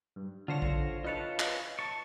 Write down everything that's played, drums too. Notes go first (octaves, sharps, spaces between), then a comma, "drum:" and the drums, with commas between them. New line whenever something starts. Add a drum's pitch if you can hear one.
G2
D3 F4 C5 C#5 A#6
drum: kick A#1
D#4 F4 B4 C#5 A5
drum: clap
A5 C#6 A6